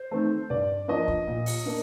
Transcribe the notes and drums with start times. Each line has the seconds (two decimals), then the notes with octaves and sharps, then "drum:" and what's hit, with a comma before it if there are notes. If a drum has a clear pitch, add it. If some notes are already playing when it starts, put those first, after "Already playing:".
Already playing: C5
0.11 D#3 A3 C4
0.50 G2 D5
0.88 F3 A#3 D4 D#5
1.08 drum: kick
1.27 A#2
1.46 drum: open hi-hat
1.65 A#3 D4